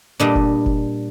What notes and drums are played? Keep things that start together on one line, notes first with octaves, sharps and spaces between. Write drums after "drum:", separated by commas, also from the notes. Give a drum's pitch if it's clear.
A#2 G3 D4 D#5
drum: kick F1
drum: kick F1